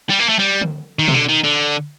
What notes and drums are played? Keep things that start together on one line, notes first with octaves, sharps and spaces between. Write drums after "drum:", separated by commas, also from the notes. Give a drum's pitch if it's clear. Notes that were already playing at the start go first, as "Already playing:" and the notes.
G3
A#3
A3
G3
drum: tom D3
D#3
C3, drum: tom B2
D3
D#3
D3